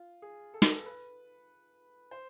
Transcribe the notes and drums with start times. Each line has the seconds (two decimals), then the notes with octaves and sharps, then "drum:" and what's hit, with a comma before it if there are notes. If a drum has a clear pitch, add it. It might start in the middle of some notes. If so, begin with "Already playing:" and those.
Already playing: F4
0.22 G#4
0.54 A4
0.62 B4, drum: snare
0.70 A4
0.86 B4
2.11 C5